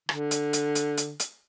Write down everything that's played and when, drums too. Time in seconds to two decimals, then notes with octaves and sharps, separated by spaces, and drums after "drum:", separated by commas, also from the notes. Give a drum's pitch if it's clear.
0.09 D3, drum: rim click
0.31 drum: hi-hat
0.53 drum: hi-hat
0.75 drum: hi-hat
0.97 drum: hi-hat
1.20 drum: hi-hat